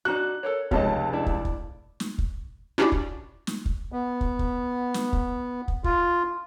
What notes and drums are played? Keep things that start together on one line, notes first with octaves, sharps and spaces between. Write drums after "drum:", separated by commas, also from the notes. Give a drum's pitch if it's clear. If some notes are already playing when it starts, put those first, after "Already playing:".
D4 D#4 F#4 F#6
A4 A#4 C#5
F1 C#2 C#5 D#5 A5, drum: kick
D4 E4
drum: kick
drum: kick
drum: snare
drum: kick
C#4 D4 E4 F#4 G4 D5
drum: kick
drum: snare
drum: kick
B3
drum: kick
drum: kick
drum: snare
drum: kick
drum: kick
F4, drum: kick